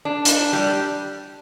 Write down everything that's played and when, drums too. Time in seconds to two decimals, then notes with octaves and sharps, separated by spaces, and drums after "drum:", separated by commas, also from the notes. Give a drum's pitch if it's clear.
0.05 D4
0.25 drum: hi-hat
0.53 G3